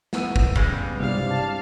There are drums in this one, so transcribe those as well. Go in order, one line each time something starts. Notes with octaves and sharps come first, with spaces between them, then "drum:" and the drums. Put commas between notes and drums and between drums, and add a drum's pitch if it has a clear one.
B3 F#5 E6 D#7, drum: snare
drum: kick
C#3 G3 G#3, drum: kick
C2 G2 C3 D5 F5
A5